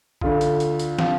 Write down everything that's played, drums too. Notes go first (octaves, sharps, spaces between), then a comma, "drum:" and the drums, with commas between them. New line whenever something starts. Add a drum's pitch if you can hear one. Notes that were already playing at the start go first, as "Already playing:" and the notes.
D2 D3 A3 F4, drum: kick A1
drum: hi-hat
drum: hi-hat
drum: hi-hat
F3 C4 F4, drum: snare